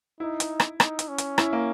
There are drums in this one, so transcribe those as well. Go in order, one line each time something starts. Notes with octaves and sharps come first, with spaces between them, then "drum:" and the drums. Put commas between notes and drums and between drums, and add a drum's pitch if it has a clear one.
D#4 E4
drum: hi-hat
drum: rim click
D#4, drum: rim click
drum: hi-hat
C#4
drum: hi-hat
E4, drum: rim click
A#3